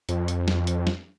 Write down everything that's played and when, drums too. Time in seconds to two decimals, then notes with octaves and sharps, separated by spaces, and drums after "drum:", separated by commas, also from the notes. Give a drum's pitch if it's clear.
0.09 F2, drum: hi-hat
0.28 drum: hi-hat
0.48 drum: snare
0.67 drum: hi-hat
0.87 drum: snare